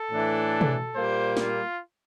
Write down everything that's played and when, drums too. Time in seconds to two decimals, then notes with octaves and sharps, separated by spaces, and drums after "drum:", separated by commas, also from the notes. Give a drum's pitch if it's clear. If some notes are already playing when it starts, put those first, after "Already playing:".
Already playing: A4
0.10 A2 E3 A3 D4
0.61 drum: tom
0.94 A#2 G3 A#3 C5
1.37 F4, drum: snare